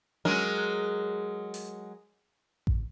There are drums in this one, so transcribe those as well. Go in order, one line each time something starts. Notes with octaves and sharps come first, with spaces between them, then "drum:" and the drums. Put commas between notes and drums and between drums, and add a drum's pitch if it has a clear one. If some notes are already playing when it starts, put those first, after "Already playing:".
F#3 G#3 A#4, drum: tom C#4
drum: open hi-hat
drum: kick A1